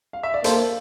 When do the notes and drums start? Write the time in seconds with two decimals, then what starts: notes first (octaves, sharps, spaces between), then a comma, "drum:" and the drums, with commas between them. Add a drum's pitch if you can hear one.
0.13 F5
0.23 E5
0.34 D5
0.44 A#3 A4 C5, drum: hi-hat